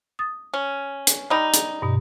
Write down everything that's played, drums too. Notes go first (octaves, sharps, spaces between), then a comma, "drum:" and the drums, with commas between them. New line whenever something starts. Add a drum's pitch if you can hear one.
D#6 A6
C#4
drum: hi-hat
G3 D#4 A#5 B5
drum: hi-hat
G2 B2